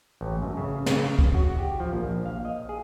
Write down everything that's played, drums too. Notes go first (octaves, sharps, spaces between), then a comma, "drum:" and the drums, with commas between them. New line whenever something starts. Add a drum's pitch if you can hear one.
A1
F#2
C#3
C#3, drum: snare
drum: kick
F#4
G4
F3
A#1
F5
D#5
G#4